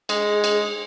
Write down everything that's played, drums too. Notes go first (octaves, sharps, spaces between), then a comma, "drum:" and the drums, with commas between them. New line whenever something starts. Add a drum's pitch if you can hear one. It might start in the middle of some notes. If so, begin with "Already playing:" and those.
G#3 G#4, drum: cymbal
drum: cymbal